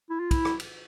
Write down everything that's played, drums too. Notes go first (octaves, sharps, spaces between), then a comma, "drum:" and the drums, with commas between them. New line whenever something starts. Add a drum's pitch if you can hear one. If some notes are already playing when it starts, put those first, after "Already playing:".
E4
F4
E4, drum: kick, cymbal
drum: rim click
drum: cymbal